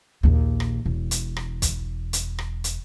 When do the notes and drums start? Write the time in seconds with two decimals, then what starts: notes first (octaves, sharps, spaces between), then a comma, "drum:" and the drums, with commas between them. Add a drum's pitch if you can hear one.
0.23 A#1 D#2
0.60 drum: rim click
0.86 E1
1.11 drum: hi-hat
1.37 drum: rim click
1.62 drum: kick, hi-hat
2.13 drum: hi-hat
2.39 drum: rim click
2.64 drum: hi-hat